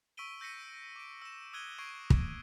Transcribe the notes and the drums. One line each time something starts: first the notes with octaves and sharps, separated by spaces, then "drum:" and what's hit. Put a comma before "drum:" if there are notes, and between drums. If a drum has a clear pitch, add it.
C#6 E6 B6 D7 D#7 G7
E6 G6 A#6 B6 C#7 D#7
D6 D7
E6 E7
D#6 E6 F#6 G#6 D#7 G7
C#6 G#6 C7 D7 D#7
drum: kick